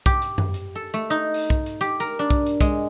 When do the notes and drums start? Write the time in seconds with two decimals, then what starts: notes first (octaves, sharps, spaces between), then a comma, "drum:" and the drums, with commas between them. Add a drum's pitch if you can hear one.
0.06 G4, drum: kick, hi-hat
0.22 drum: hi-hat
0.38 drum: tom F#2
0.54 drum: hi-hat
0.75 A4
0.94 A3
1.10 D#4
1.34 drum: open hi-hat
1.50 drum: kick, hi-hat
1.66 drum: hi-hat
1.81 G4, drum: hi-hat
2.00 A#4, drum: hi-hat
2.19 D4
2.30 drum: kick, hi-hat
2.46 drum: hi-hat
2.61 G#3, drum: kick, hi-hat